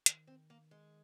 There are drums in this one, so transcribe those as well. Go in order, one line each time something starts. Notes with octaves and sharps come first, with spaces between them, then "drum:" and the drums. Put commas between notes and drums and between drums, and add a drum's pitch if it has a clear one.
D#3, drum: hi-hat
C4
A#3
G#3